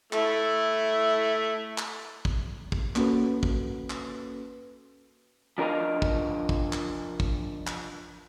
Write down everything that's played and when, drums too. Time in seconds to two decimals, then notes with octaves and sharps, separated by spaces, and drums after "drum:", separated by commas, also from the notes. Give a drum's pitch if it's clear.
0.13 A3 E4, drum: clap
1.78 drum: clap
2.25 drum: kick
2.72 drum: kick
2.96 A#3 C#4 F#4 A4 B4, drum: clap
3.43 drum: kick
3.90 drum: clap
5.58 F3 D4 A#4 D#5 F5
6.02 drum: kick
6.49 drum: kick
6.73 drum: clap
7.20 drum: kick
7.67 drum: clap